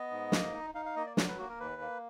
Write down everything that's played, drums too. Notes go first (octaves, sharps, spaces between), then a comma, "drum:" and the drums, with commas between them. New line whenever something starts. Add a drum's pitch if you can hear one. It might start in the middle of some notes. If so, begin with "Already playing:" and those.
Already playing: B3 D#5
G#2
A#3, drum: snare
D#4
D#4 F5
F5
A#3 D#5
D5
F#3 D5, drum: snare
B4
A#3 F#4
A#4
D#2 B4
A#3